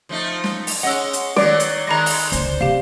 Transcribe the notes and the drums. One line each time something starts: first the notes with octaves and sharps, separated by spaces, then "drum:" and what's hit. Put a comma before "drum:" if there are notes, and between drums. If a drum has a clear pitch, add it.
F3 A3 D#4
drum: snare
drum: open hi-hat
G#3 C#4 D#5 F#5 E6
drum: hi-hat
D#3 F#3 D5 D7, drum: snare
drum: hi-hat
D#3 G#3 A#5 B5 A#6
drum: open hi-hat
C#2 D3 C5, drum: hi-hat
C3 G4 F5